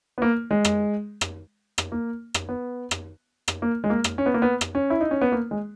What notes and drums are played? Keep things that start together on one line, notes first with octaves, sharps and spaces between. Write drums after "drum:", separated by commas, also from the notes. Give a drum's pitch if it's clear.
B3
A#3
G#3
drum: rim click
drum: rim click
drum: rim click
A#3
drum: rim click
B3
drum: rim click
drum: rim click
A#3
G#3
A#3
drum: rim click
C#4
B3
A#3
B3
drum: rim click
C#4
E4
D#4
C#4
B3
A#3
G#3